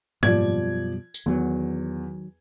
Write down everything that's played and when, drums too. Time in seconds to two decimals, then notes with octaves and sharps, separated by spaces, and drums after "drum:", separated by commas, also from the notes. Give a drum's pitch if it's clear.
0.23 F#2 B2 F3 G3 D5 G#6, drum: tom G#2
1.14 drum: tambourine
1.26 E2 D#3 F#3